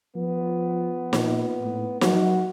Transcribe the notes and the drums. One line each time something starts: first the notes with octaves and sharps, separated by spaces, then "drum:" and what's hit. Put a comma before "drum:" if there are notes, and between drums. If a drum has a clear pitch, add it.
F3 B3
A#2, drum: snare
A2
F#3 F#4, drum: snare